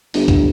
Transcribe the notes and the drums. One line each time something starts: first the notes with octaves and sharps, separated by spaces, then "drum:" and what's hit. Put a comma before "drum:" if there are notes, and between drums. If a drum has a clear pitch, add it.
G1, drum: open hi-hat
drum: kick D2, hi-hat